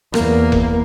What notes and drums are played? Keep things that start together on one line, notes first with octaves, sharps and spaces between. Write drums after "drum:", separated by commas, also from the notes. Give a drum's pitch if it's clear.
E2 A#3, drum: rim click
drum: kick F1